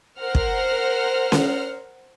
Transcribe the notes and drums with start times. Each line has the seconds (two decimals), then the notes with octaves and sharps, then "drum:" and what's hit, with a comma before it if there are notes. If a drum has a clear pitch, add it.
0.21 A#4 C5 F#5 F6
0.35 drum: kick
1.32 drum: snare C#4